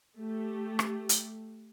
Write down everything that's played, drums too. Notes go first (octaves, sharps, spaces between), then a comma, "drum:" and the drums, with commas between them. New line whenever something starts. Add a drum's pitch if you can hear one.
A3 G4
drum: rim click
drum: hi-hat